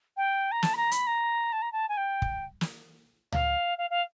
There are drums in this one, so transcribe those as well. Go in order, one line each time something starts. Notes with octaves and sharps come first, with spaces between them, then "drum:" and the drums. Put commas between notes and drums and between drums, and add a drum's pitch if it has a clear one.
G5
A#5
A5, drum: snare
B5
A#5
B5, drum: hi-hat
A#5
A5
A#5
A5
G#5
G5
drum: kick
drum: snare
F5, drum: tom C#2
F5
F5